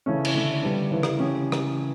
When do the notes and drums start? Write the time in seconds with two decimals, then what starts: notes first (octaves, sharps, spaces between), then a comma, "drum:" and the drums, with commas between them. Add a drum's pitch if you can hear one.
0.06 C#3 E3 A3 C#4
0.25 drum: cymbal
0.34 D3 A3 E4
0.62 D3 G3 B3 D4
0.91 C#3 E3 A3 E4 B4
1.03 drum: rim click
1.19 C#3 E3 A3 C#4 G4
1.52 drum: rim click